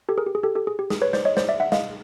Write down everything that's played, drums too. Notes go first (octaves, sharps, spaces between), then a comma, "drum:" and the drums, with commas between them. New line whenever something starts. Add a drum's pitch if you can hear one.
G4 A4
G#4 A#4
G4
G#4
G4 A4
G4 A4
G#4
G4
G#4, drum: snare
B4 C#5
C5 D5, drum: snare
C#5 D#5
C5 D5, drum: snare
D5 E5
E5 F#5
D#5 F5, drum: snare